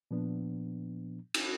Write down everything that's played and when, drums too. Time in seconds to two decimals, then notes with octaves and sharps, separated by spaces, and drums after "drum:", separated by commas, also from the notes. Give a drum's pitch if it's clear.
0.11 A#2 F3 B3 D4
1.34 drum: cymbal